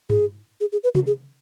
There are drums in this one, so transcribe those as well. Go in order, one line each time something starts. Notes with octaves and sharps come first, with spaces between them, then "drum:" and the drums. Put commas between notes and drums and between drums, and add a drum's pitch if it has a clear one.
G#4, drum: tom G2
G#4
G#4
B4
F#4, drum: tom
G#4